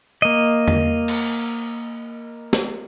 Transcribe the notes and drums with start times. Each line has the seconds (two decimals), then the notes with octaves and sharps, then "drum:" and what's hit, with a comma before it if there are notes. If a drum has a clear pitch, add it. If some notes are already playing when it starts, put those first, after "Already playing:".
0.22 A#3 D#5
0.68 drum: tom
1.08 drum: cymbal
2.53 drum: snare